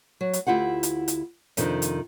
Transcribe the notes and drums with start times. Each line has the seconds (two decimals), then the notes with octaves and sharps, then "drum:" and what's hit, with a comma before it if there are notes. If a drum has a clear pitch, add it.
0.21 F#3
0.33 drum: hi-hat
0.47 D2 E4 F4 G4 F#5
0.83 drum: hi-hat
1.08 drum: hi-hat
1.57 F2 C3 D#3 D4, drum: hi-hat
1.82 drum: hi-hat